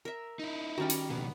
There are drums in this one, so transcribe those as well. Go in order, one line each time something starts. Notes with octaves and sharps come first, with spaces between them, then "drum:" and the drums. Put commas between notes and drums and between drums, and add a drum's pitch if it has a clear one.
A#4 E5
D#4 E4
D#3 G3 C#4 F#4 G5
drum: hi-hat
C#2 B2 B3